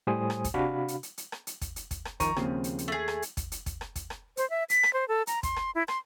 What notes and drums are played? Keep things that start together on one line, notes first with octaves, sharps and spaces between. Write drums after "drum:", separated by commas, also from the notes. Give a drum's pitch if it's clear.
A2 G3 C5 G#5 D#6
drum: rim click
drum: kick, hi-hat
C3 D4 F#4 F5 B5
drum: hi-hat
drum: hi-hat
drum: hi-hat
drum: rim click
drum: hi-hat
drum: kick, hi-hat
drum: hi-hat
drum: kick, hi-hat
drum: rim click
D#3 F3 A#4 A#5 C#6 D#7, drum: kick, hi-hat
D#2 C#3 F3 C4, drum: rim click
drum: hi-hat
drum: hi-hat
A3 G#4
drum: rim click
drum: hi-hat
drum: kick, hi-hat
drum: hi-hat
drum: kick, hi-hat
drum: rim click
drum: kick, hi-hat
drum: rim click
C5, drum: hi-hat
E5
B6, drum: hi-hat
drum: rim click
C5
A4
A#5, drum: hi-hat
C6, drum: kick, hi-hat
drum: rim click
E4
C6, drum: rim click